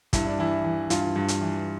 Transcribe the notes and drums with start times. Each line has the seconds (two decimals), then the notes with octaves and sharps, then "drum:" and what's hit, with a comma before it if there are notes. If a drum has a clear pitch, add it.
0.13 G2 E4, drum: kick, hi-hat
0.27 D4
0.39 E3 E4
0.64 E3
0.90 G2 F4, drum: hi-hat
1.16 G2
1.28 drum: hi-hat
1.41 E3